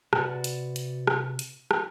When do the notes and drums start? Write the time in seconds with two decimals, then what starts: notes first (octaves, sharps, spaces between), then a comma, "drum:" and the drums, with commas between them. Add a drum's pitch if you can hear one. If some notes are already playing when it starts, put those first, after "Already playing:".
0.13 C3 F#4 B4 D5 F#5, drum: rim click
0.44 drum: hi-hat
0.76 drum: hi-hat
1.07 drum: rim click
1.39 drum: hi-hat
1.71 drum: rim click